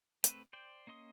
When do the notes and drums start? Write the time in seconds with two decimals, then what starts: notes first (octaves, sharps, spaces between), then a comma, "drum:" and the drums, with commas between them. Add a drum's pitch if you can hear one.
0.24 A3 C4 B4, drum: hi-hat
0.53 C5 D5 G5
0.87 A#3 C#4 D#5 C6 D#6